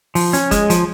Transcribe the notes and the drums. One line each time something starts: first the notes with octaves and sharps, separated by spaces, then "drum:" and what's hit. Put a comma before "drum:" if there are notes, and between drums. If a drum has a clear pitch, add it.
F3, drum: open hi-hat
C#4, drum: hi-hat
G#3, drum: kick, hi-hat
F3, drum: hi-hat